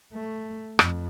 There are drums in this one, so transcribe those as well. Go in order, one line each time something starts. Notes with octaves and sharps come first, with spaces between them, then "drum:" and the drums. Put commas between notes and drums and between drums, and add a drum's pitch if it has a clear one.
A3
F2, drum: rim click